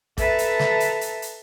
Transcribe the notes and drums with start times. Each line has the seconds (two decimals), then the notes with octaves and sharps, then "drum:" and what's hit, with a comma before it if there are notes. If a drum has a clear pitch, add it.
0.18 A4 B4 E5 A5 A#5 A6, drum: kick, hi-hat
0.39 drum: hi-hat
0.59 drum: snare
0.80 drum: hi-hat
1.01 drum: hi-hat
1.22 drum: hi-hat